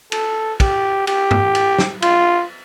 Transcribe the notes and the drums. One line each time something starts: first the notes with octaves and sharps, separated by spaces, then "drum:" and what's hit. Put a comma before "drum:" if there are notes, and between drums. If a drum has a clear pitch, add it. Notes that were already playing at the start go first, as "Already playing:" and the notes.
A4, drum: cymbal
G4, drum: kick, cymbal
G4, drum: cymbal
drum: tom G2
drum: cymbal
drum: snare
F4, drum: cymbal